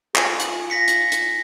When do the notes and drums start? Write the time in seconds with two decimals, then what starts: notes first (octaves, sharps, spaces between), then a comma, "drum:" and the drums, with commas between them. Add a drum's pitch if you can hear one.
0.16 F4 G#5, drum: clap
0.40 drum: hi-hat
0.70 A#6 B6 C#7
0.88 drum: hi-hat
1.12 drum: hi-hat